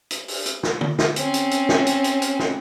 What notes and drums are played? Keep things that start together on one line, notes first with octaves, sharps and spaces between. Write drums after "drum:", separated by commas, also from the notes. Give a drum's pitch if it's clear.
drum: hi-hat
drum: open hi-hat
drum: hi-hat
drum: snare
drum: tom
drum: snare
C4 C#4, drum: hi-hat
drum: hi-hat
drum: hi-hat
drum: snare
drum: hi-hat
drum: hi-hat
drum: hi-hat
drum: snare